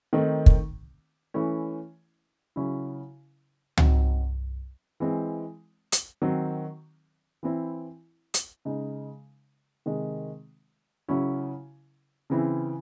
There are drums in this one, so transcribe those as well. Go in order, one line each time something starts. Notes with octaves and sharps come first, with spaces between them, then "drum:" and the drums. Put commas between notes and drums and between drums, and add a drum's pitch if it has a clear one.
D#3 A3 C4 D#4
drum: kick
E3 A3 C#4 E4
C#3 F#3 C#4 E4
F#3 C4 D#4, drum: tom
E3 G#3 C4
drum: hi-hat
D#3 F#3 C4
E3 C4 E4
drum: hi-hat
C#3 G#3 D#4
C3 D#3 G#3
C#3 F#3 C#4 E4
C#3 E3 C4 E4